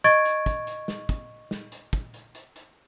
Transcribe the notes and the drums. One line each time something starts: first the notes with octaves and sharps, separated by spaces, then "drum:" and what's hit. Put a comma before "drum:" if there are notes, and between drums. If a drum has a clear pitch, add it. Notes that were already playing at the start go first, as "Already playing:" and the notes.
D#5 C#6 G#6 A6 D7, drum: hi-hat
drum: hi-hat
drum: kick, hi-hat
drum: hi-hat
drum: snare
drum: kick, hi-hat
drum: snare
drum: hi-hat
drum: kick, hi-hat
drum: hi-hat
drum: hi-hat
drum: hi-hat